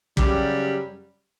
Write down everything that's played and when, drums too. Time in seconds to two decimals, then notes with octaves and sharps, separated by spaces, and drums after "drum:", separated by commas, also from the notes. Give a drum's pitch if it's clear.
0.17 F#2 C#3 G3, drum: kick